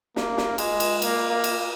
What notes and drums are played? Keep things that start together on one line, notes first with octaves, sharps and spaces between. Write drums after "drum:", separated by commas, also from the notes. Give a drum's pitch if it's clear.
A#3, drum: snare
drum: snare
G#3, drum: cymbal
drum: cymbal
A#3, drum: cymbal
A#3
drum: cymbal